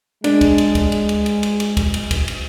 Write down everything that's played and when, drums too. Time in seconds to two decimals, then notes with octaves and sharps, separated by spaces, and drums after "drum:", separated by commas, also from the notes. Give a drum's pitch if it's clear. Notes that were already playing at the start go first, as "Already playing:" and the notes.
0.24 G#3 D4, drum: cymbal
0.41 drum: kick, cymbal
0.58 drum: cymbal
0.75 drum: kick, cymbal
0.92 drum: cymbal
1.09 drum: cymbal
1.26 drum: cymbal
1.43 drum: cymbal
1.60 drum: cymbal
1.77 drum: kick, cymbal
1.94 drum: cymbal
2.11 drum: kick, cymbal
2.28 drum: cymbal